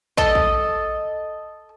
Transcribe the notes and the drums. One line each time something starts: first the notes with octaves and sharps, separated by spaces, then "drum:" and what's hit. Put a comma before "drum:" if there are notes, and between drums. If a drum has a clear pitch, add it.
A4 D#5, drum: kick
drum: kick